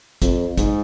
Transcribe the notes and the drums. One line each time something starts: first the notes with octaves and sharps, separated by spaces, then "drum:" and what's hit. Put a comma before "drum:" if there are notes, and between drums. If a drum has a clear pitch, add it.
F2, drum: kick, hi-hat
G#2, drum: kick, hi-hat